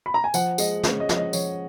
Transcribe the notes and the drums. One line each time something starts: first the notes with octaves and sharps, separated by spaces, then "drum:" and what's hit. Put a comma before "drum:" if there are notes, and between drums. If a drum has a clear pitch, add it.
B5
A#5
G#5
F3 F#5, drum: tambourine
G#3 D#5, drum: tambourine
C#4 C#5, drum: snare
D#5
F3, drum: snare
D#5
F3 C#5, drum: tambourine